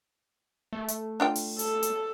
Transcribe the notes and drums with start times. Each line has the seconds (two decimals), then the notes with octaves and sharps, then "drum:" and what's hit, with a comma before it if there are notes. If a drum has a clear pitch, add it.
0.73 A3
0.88 drum: hi-hat
1.20 D4 F4 G5
1.35 drum: open hi-hat
1.59 A4, drum: hi-hat
1.83 drum: hi-hat